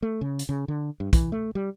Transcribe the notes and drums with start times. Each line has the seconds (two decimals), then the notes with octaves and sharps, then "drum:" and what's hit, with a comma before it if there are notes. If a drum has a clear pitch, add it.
0.02 A3
0.21 C#3
0.39 drum: hi-hat
0.49 C#3
0.68 D3
1.00 G2
1.13 E3, drum: kick, hi-hat
1.32 A3
1.55 G3